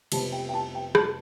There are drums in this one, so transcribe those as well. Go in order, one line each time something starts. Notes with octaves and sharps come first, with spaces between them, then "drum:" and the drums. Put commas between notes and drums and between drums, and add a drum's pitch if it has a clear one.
F1 F2 C3 G3 B3 A5, drum: cymbal
G5
G5
A5
G5
A5, drum: rim click